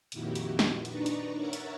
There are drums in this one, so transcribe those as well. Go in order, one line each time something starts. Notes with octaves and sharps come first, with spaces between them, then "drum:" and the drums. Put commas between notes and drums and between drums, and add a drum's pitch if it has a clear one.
F2 A#2 D#3 E4 F#4 G4, drum: hi-hat
drum: hi-hat
drum: snare
D4 D#4 B4 D5 A#5 C#6, drum: hi-hat
drum: hi-hat
A#4 C#5 E5 F#5 A#5 A6
drum: hi-hat